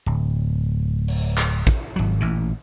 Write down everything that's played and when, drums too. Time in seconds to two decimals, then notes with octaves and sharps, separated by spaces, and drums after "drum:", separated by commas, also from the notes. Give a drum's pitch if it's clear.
0.06 D1
1.08 drum: open hi-hat
1.38 drum: clap
1.67 drum: kick, hi-hat
1.96 G#1 F#3
2.20 A1 A#2 E3